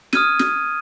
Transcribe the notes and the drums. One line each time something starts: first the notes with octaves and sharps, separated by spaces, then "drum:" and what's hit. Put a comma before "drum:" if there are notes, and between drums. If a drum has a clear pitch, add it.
D#6 F6 G#6 D#7, drum: snare
drum: snare